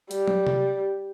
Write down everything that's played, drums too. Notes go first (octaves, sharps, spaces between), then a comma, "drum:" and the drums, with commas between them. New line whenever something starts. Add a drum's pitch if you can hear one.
G3, drum: hi-hat
drum: tom
drum: tom C3